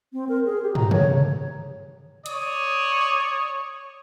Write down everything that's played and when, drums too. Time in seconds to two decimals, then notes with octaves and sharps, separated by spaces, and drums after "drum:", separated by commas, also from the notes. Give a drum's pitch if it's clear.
0.13 C4
0.29 A#4
0.45 G#4
0.63 G4
0.75 A#5, drum: tom
0.91 C#5, drum: tom
2.26 C#5 D5 D#6, drum: hi-hat